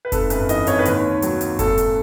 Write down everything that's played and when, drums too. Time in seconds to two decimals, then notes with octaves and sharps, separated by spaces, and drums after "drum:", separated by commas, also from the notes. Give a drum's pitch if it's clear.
0.05 B4
0.12 G#1 A4, drum: kick F1, hi-hat
0.30 F#2 B4, drum: hi-hat
0.49 E3 D#5, drum: hi-hat
0.67 G#1 C#5, drum: hi-hat
0.79 B4
0.85 D#2 C#5, drum: hi-hat
1.04 D#3
1.22 F#3, drum: hi-hat
1.41 D#2, drum: hi-hat
1.59 G#1 A4, drum: kick F1, hi-hat
1.78 drum: hi-hat